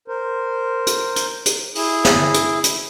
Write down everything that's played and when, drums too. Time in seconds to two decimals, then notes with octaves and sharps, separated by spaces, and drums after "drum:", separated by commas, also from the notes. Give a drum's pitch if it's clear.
0.08 A#4 C5
0.87 drum: hi-hat
1.16 drum: hi-hat
1.46 drum: hi-hat
1.75 E4 G#4, drum: open hi-hat
2.05 drum: snare
2.34 drum: hi-hat
2.64 drum: hi-hat